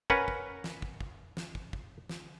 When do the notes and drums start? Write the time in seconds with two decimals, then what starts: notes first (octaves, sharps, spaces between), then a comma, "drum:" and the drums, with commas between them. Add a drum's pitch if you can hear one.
0.10 C#4 A#4 B4 F#5, drum: kick
0.28 drum: kick
0.64 drum: snare
0.82 drum: kick
1.01 drum: kick
1.37 drum: snare
1.55 drum: kick
1.73 drum: kick
2.09 drum: snare